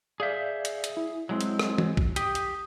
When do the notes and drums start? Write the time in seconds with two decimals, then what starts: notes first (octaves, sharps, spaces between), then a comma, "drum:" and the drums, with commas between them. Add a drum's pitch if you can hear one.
0.20 G#4 D5 E5 F5 G6
0.65 drum: hi-hat
0.84 drum: hi-hat
0.97 E4
1.29 F#3 G#3 C4
1.41 drum: hi-hat
1.59 drum: rim click
1.78 drum: tom E3
1.97 drum: kick
2.16 G4 D#6, drum: hi-hat
2.35 drum: hi-hat